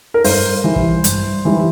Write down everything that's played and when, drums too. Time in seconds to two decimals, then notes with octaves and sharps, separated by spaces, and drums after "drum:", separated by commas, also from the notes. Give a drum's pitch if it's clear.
0.14 A#4
0.24 G2 C5, drum: open hi-hat
0.64 E3 G3
0.76 drum: kick
1.04 G2, drum: hi-hat
1.45 E3 G3